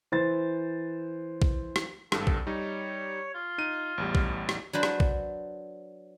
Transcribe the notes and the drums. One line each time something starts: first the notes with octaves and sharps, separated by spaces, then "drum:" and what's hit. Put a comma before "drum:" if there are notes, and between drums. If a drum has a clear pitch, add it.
E3 C5 A6
drum: kick A#1
drum: rim click
G#1 G2 A4, drum: rim click
drum: kick A#1
G3 D#4 C#5
F4
D#4 D#7
A1 E2 G3
drum: kick A#1
drum: rim click
F#3 D4 B4 C5
drum: rim click
drum: kick A#1